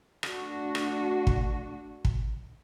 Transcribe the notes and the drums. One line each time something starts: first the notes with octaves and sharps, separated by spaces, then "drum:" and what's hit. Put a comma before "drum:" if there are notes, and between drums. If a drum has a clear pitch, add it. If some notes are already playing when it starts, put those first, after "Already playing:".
A3 D4 F#4, drum: rim click
drum: rim click
drum: kick
drum: kick